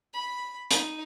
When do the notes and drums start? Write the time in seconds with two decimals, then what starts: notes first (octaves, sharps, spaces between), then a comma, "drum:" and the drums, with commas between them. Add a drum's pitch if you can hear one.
0.13 B5
0.71 D#4, drum: hi-hat